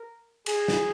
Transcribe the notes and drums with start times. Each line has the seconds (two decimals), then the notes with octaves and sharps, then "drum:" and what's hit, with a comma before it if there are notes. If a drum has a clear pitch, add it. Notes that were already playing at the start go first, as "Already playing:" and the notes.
Already playing: A#4
0.46 G#4, drum: cymbal
0.68 drum: snare